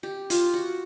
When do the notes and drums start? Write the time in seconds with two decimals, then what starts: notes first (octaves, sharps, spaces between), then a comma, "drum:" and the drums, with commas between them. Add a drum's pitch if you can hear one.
0.03 G4
0.30 F4, drum: hi-hat
0.54 F#4